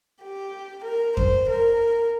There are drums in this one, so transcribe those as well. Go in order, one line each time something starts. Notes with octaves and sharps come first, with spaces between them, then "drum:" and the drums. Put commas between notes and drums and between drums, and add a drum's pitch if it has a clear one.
G4
A#4
C5, drum: kick F2
A#4